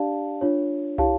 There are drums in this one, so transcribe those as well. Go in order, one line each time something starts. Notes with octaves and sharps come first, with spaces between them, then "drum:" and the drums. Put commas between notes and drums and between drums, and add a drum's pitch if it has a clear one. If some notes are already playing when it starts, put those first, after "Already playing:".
Already playing: D4 G4 D5 F5 A5
D4 F4 C#5
E4 G4 C#5 F5 A5, drum: tom